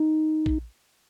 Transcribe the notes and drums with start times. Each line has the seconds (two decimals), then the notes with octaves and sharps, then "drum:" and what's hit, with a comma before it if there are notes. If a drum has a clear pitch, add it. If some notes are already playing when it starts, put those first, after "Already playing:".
Already playing: D#4
0.46 drum: kick A#1